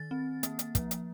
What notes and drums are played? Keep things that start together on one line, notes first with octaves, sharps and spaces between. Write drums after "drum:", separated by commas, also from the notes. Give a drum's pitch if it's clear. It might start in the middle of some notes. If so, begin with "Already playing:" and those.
Already playing: D#3 A6
C4
A#3, drum: hi-hat
drum: hi-hat
F3, drum: kick, hi-hat
drum: hi-hat